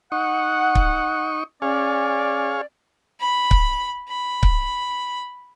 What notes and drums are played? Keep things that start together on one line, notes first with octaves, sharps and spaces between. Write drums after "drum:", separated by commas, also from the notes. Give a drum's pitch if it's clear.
D#4 F#5 C#6
drum: kick C#1
C#4 G#4 C#5 D5 F5
B5
drum: kick C#1
B5
drum: kick C#1